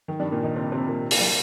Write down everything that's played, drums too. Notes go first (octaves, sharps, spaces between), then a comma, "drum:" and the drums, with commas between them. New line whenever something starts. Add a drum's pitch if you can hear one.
D#3
G2 G3
A#2 A#3
D#3 D#4
C3 C4
C3 C4
A#2 A#3
A#3, drum: open hi-hat
G3